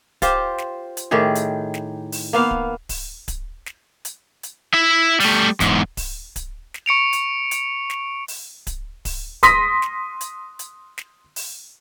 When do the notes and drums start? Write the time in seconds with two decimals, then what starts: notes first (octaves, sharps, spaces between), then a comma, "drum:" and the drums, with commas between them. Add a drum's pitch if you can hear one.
0.22 F4 G4 C5, drum: kick D1, hi-hat
0.58 drum: snare
0.97 drum: hi-hat
1.11 A2 D#3 G4 G#4
1.35 drum: hi-hat
1.74 drum: snare
2.12 drum: open hi-hat
2.33 A#3 B3 F5
2.51 drum: kick D1
2.89 drum: kick D1, open hi-hat
3.28 drum: kick D1, hi-hat
3.66 drum: snare
4.05 drum: hi-hat
4.43 drum: hi-hat
4.74 E4 E5
5.20 G3 A3, drum: open hi-hat
5.60 E2 G#2, drum: kick D1, hi-hat
5.97 drum: kick D1, open hi-hat
6.36 drum: kick D1, hi-hat
6.74 drum: snare
6.86 C#6 C#7 D7 F7
7.13 drum: hi-hat
7.51 drum: hi-hat
7.90 drum: snare
8.28 drum: open hi-hat
8.67 drum: kick D1, hi-hat
9.05 drum: kick D1, open hi-hat
9.43 C6 D#6 A#6 B6, drum: kick D1, hi-hat
9.82 drum: snare
10.21 drum: hi-hat
10.59 drum: hi-hat
10.98 drum: snare
11.36 drum: open hi-hat